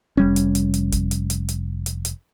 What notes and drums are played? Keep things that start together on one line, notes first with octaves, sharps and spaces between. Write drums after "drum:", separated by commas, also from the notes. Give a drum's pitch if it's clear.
F1 G3 C#4
drum: hi-hat
drum: hi-hat
drum: hi-hat
drum: kick F#1, hi-hat
drum: hi-hat
drum: hi-hat
drum: hi-hat
drum: hi-hat
drum: hi-hat